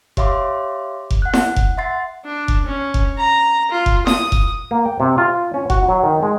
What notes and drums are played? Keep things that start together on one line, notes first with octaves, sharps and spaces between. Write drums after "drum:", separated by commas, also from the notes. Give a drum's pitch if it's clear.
G4 C#5 E5 F5 C6 D6, drum: kick F1
drum: kick F1
F#5 F#6
drum: snare E4
drum: kick F1
E5 F#5 C6 A6 C7
D4
drum: kick F1
C#4
drum: kick F1
A#5
F4
drum: kick F1
D#6, drum: snare E4
drum: kick F1
A#3
G5
C3
F4
C#4
F#4, drum: kick F1
F#3
D#3
G#3